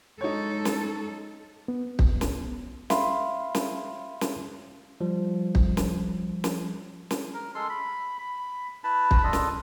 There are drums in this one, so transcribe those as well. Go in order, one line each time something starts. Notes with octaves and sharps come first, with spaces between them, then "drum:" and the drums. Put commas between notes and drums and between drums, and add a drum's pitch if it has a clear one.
G#3 D#4 A4 C#5
drum: snare
B3
drum: kick
drum: snare
E5 F5 B5 C6, drum: snare
drum: snare
drum: snare
F3 G3
drum: kick
drum: snare
drum: snare
drum: snare
A#4
G#3 A4 C6
B5
B5
E4 B4 A5 B5
drum: kick
D4 F4 A4 D#5
drum: snare